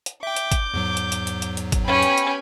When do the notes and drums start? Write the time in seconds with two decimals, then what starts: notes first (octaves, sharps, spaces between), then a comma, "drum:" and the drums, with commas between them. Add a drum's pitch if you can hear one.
0.06 drum: hi-hat
0.23 E5 G5 D6 G6
0.36 drum: hi-hat
0.52 drum: kick, hi-hat
0.74 E2 G#2 F#3
0.97 drum: hi-hat
1.12 drum: hi-hat
1.27 drum: hi-hat
1.42 drum: hi-hat
1.57 drum: hi-hat
1.72 drum: kick, hi-hat
1.87 B3 C#4 G4 G5 G#5 B5
2.03 drum: hi-hat
2.18 drum: hi-hat